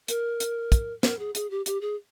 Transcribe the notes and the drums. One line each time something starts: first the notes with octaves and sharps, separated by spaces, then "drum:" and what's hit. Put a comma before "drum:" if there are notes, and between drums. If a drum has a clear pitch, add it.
A#4, drum: hi-hat
drum: hi-hat
drum: kick, hi-hat
A#4, drum: snare
G#4
G#4, drum: hi-hat
G4
G4, drum: hi-hat
G#4